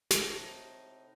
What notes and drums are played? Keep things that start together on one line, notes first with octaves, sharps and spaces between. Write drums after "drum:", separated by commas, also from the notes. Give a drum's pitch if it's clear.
A2 C3 D#4, drum: snare